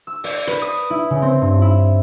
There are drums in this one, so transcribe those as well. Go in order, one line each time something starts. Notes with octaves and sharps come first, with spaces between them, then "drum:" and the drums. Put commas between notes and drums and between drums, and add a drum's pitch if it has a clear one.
E6
D5, drum: open hi-hat
B4, drum: hi-hat
D#6
E4
C#3
C4
G2
E4